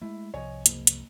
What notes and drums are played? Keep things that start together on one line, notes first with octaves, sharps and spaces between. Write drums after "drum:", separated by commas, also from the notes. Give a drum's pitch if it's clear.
G#3 A3 E4
C2 F3 C#5 D#5 G#5
F#1, drum: hi-hat
drum: hi-hat